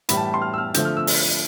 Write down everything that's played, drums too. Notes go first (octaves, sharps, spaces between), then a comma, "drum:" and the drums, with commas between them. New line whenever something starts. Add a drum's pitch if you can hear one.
A2 E3 G3 B5, drum: hi-hat
A5
B5
C6
F6
E6
F6
D3 F3 A3 G6, drum: hi-hat
F6
E6
drum: open hi-hat